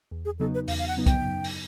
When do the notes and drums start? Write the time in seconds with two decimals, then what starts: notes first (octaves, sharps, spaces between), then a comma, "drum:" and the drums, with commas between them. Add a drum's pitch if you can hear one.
0.11 E2
0.25 G#4
0.39 C#3 F#3 B3 D#4 A4
0.55 B4
0.68 E2 F5, drum: open hi-hat
0.79 F5
0.88 F#5
0.97 C#3 F#3 B3 D#4
1.06 G5, drum: kick, hi-hat
1.25 F#2
1.44 drum: open hi-hat